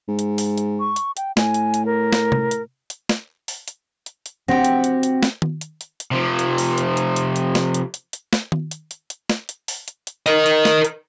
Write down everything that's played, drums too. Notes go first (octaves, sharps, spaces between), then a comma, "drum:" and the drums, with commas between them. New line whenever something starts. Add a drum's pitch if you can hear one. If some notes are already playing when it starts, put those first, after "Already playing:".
G#2
drum: hi-hat
drum: open hi-hat
drum: hi-hat
C#6
drum: hi-hat
G5, drum: hi-hat
A2 G#5, drum: snare
drum: hi-hat
drum: hi-hat
A#4
drum: snare
drum: tom C3
drum: hi-hat
drum: hi-hat
drum: snare
drum: open hi-hat
drum: hi-hat
drum: hi-hat
drum: hi-hat
C4 F#4 G4
drum: hi-hat
drum: hi-hat
drum: hi-hat
drum: snare
drum: tom D#3
drum: hi-hat
drum: hi-hat
drum: hi-hat
C3 F3
drum: hi-hat
drum: open hi-hat
drum: hi-hat
drum: hi-hat
drum: hi-hat
drum: hi-hat
drum: snare
drum: hi-hat
drum: hi-hat
drum: hi-hat
drum: snare
drum: tom D#3
drum: hi-hat
drum: hi-hat
drum: hi-hat
drum: snare
drum: hi-hat
drum: open hi-hat
drum: hi-hat
drum: hi-hat
A#4 D#5, drum: hi-hat
drum: hi-hat
drum: snare
drum: hi-hat